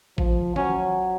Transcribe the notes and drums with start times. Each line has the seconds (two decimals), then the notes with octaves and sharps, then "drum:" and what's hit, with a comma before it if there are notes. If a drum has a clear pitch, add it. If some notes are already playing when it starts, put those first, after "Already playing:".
0.18 F3, drum: kick A1
0.56 F#3 C#4, drum: tom D#3